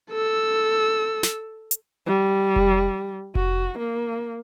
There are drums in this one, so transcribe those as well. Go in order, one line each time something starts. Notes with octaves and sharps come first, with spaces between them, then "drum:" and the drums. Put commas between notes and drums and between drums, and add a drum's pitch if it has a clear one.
A4 E6
drum: snare
drum: hi-hat
G3
drum: kick F1
F#4, drum: kick F1
A#3